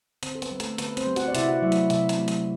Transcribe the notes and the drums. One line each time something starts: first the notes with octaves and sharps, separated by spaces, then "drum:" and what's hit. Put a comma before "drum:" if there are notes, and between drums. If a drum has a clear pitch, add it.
D3 C4 C5, drum: hi-hat
A4
B3 B4, drum: hi-hat
G3
A3 A4, drum: hi-hat
D3 B3 B4, drum: hi-hat
C4 C5, drum: hi-hat
G3
F#4 F#5, drum: hi-hat
D5
C3 E4 E5, drum: hi-hat
F#4 F#5
F#3 A3 E4 E5
drum: hi-hat
C3 E4 E5, drum: hi-hat
drum: hi-hat
F#3 A3
drum: hi-hat